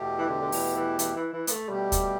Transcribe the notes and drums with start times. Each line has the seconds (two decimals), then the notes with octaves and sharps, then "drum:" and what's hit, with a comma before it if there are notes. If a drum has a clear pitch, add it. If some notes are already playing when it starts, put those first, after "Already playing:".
Already playing: E2 B2 A3 G4
0.18 E3
0.29 D3
0.41 D3
0.52 E3, drum: open hi-hat
0.75 E3
0.99 E3, drum: hi-hat
1.16 E3
1.33 E3
1.47 B3, drum: hi-hat
1.51 A3
1.68 B2 G3 A3 G4
1.92 drum: kick, hi-hat